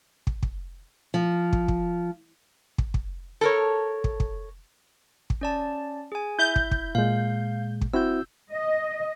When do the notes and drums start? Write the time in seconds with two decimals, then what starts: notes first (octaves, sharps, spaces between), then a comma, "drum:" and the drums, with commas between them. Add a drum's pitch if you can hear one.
0.27 drum: kick
0.43 drum: kick
1.14 F3
1.53 drum: kick
1.68 drum: kick
2.78 drum: kick
2.94 drum: kick
3.41 A4 A#4 C#5
4.04 drum: kick
4.20 drum: kick
5.30 drum: kick
5.41 C#4 D5 A5
6.12 G#4 G#5
6.39 E4 E5 G6
6.56 drum: kick
6.71 drum: kick
6.95 A#2 G#3 F5
7.81 drum: kick
7.94 C4 E4 F#4 E6 G6
8.51 D#5